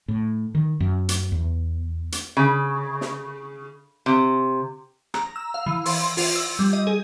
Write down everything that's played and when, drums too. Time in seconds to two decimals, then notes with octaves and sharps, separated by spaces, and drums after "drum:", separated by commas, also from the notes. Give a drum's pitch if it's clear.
0.08 A2
0.55 D#3
0.80 F#2
1.09 drum: hi-hat
1.32 E2
2.12 drum: hi-hat
2.37 C#3
3.01 drum: snare
4.06 C3
5.14 A#5, drum: rim click
5.36 E6
5.54 F5
5.66 E3
5.85 C6, drum: open hi-hat
6.00 C6
6.17 F4, drum: open hi-hat
6.36 E6
6.59 G3
6.73 D#5
6.87 G#4